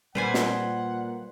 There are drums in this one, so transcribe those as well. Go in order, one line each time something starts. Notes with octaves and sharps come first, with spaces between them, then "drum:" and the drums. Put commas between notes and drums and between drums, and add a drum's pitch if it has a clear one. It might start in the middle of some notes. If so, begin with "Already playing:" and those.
A#2 G3 B4 C5 F#5 G#5
drum: snare